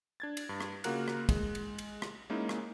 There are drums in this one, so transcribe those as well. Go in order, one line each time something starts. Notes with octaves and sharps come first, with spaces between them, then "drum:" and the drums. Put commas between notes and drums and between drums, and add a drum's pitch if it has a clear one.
D4 G#6 A6
drum: cymbal
G2
drum: rim click
C#3 A#3 F4 F#4 A#4 F#6, drum: cymbal
drum: rim click
G#3, drum: kick, cymbal
drum: cymbal
drum: cymbal
drum: rim click
G#3 A#3 C#4 D#4 E4 G#4
drum: rim click